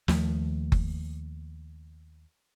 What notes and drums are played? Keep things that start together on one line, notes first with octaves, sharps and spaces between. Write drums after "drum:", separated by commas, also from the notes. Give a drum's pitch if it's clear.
D#2 F3 A3, drum: snare
drum: kick F#1